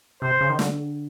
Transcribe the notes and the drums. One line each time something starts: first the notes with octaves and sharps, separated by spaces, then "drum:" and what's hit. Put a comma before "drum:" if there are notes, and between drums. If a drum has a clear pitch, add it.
C3 C5
C#3
D#3
D3, drum: snare